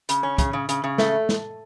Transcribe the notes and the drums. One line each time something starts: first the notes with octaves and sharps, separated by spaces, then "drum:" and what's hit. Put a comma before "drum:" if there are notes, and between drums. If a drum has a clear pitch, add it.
C#3, drum: hi-hat
C#4
C#3, drum: kick, hi-hat
C#3
C#3, drum: hi-hat
C#3
A3, drum: snare
drum: snare